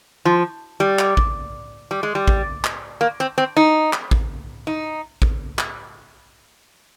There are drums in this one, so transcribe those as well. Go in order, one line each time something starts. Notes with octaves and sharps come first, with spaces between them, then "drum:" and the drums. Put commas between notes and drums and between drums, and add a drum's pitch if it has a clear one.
F3
G3
drum: clap
drum: kick A1
G3
G#3
G3
drum: kick A1
drum: clap
A#3
C4
C4
D#4
drum: clap
drum: kick A1
D#4
drum: kick A1
drum: clap